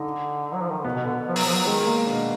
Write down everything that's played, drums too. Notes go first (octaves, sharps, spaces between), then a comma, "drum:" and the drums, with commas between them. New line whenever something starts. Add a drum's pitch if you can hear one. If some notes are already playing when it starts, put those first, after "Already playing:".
Already playing: D3 D#4
F#3
F3
D#3
D3
B2 B3
B2
D3
F3
F#3, drum: open hi-hat
F3
F#3
D#3 G#3
A#3
B2 D4